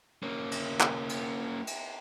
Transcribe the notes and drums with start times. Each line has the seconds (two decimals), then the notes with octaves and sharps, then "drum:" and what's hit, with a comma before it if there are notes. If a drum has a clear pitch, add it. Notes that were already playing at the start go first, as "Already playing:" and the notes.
0.23 A#3 C#4
0.52 drum: cymbal
0.80 drum: clap
1.09 drum: cymbal
1.67 drum: cymbal